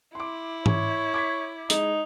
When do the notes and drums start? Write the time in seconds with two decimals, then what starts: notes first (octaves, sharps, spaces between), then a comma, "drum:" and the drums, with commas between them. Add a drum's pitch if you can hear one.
0.15 E4 C6 D6
0.66 C#5, drum: tom
1.14 D6 G#6 B6
1.70 G#3 D#4, drum: hi-hat